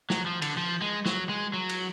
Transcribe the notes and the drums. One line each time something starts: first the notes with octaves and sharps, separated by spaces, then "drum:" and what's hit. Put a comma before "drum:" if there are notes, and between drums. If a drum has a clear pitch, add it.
F#3, drum: snare
F3
D3, drum: cymbal
F3
G#3
F#3, drum: snare
G#3
F#3
drum: cymbal